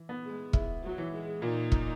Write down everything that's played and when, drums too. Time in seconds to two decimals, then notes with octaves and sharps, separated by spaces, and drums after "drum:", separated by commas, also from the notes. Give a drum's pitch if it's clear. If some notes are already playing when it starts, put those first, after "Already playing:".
Already playing: E3
0.09 B3
0.24 G#3
0.53 E4, drum: kick
0.83 F#3
0.98 E3
1.12 G#3
1.42 A#2 D#4
1.72 drum: kick